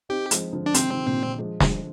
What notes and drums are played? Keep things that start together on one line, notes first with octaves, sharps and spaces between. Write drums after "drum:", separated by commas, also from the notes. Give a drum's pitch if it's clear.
C4 D#4 G4
F3 G#3, drum: hi-hat
D3 F3
D4
C3 D#3 C4, drum: hi-hat
C3 D#3
A#2 D3
A#2
F3 G#3
D3 F3, drum: snare